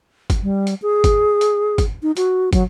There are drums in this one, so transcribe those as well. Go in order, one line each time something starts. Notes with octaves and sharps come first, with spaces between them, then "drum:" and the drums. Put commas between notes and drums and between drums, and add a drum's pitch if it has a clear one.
drum: kick, hi-hat
G3
drum: hi-hat
G#4
drum: kick, hi-hat
drum: hi-hat
drum: kick, hi-hat
D#4
F#4, drum: hi-hat
F#3, drum: kick, hi-hat